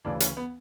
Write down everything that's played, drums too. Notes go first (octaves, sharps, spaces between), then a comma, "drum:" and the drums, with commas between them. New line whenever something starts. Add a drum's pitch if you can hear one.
D2 C#3 E3 D4
C#4, drum: hi-hat
B3